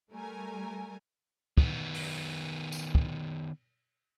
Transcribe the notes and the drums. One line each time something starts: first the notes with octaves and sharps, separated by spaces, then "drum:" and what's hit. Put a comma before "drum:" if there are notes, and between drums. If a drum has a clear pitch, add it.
G3 A3 A#4 G#5
D#3 B3, drum: kick
drum: open hi-hat
drum: tambourine
drum: kick